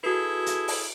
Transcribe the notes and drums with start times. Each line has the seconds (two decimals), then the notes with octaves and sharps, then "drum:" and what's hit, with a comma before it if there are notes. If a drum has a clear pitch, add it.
0.04 E4 F#4 G#4 A4 B4
0.46 drum: hi-hat
0.68 drum: open hi-hat